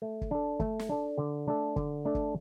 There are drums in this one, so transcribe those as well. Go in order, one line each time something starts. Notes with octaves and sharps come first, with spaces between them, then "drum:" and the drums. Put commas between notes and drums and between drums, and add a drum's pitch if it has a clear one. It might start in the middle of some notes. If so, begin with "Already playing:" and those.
A3
drum: kick
D4 A4
A3, drum: kick
drum: snare
D4 A4
D3
A3 D4 A4
D3, drum: kick
A3 D4 A4
drum: kick